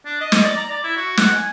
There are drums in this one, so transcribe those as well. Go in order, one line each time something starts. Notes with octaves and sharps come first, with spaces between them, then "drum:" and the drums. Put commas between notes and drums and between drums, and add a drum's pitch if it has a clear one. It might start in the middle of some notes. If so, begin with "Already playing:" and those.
D4
D#5
drum: snare
D5
A#5
D5
E4
F#4
F#5, drum: snare
G#5